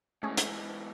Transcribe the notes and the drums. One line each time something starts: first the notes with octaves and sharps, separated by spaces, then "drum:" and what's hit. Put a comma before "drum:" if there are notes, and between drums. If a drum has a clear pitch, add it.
G#2 E3 A3 C#4 G#4
drum: hi-hat